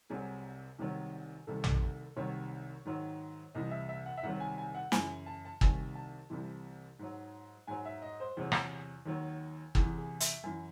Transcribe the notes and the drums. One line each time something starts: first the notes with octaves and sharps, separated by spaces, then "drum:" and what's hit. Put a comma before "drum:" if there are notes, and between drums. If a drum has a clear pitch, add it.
C2 C3 F#3 G#4
C2 C3 D#3 F#3
C2 C3 D#3 A4
drum: tom A#1
C2 C3 D#3 F#3 C#5
G#2 D#3 F#3
C2 C3 E3 D#5
E5
E5
F#5
E5
C2 C3 D#3 F#3 F#5
G#5
G#5
F#5
F#2 C#3 E3 G#5, drum: snare
A5
A5
C2 C3 D#3 G#5, drum: kick
A5
C2 C3 E3
G#2 F#3
G#2 F#3 G#5
E5
D#5
C5
E2 C3 F#3 G#4
drum: rim click
D#2 D#3 F#3
E2 C3 E3 G#4, drum: kick
G#4
E5, drum: hi-hat
F#2 E3 G#5